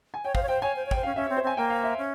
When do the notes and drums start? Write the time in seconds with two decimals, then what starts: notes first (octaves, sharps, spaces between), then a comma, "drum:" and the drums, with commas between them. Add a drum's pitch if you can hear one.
0.14 G#5
0.25 C#5 G5
0.35 C5 F5, drum: kick
0.43 C#5
0.48 C5 G5
0.62 C#5 G#5
0.76 C5
0.86 C#5
0.91 C5 G5, drum: kick
1.03 C#4 F5
1.16 C#4 E5
1.26 C4 C#5
1.37 C5
1.43 C4 G#5
1.57 A#3 G5
1.70 F5
1.84 E5
1.98 C#4